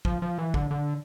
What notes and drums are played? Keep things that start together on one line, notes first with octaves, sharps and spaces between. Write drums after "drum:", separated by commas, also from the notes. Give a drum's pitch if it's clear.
F3, drum: kick
F3
E3
D3, drum: kick
D3